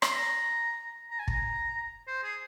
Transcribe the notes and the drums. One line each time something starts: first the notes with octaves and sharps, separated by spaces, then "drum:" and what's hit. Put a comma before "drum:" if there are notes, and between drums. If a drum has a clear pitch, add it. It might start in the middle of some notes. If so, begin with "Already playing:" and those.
C6, drum: rim click
A#5
A#5
G#5
A#5, drum: kick
C5
G#4